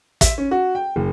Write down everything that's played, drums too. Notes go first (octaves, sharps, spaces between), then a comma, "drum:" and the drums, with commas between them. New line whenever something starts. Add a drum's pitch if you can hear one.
E5, drum: kick, hi-hat
C#4
F#4
G5
F#1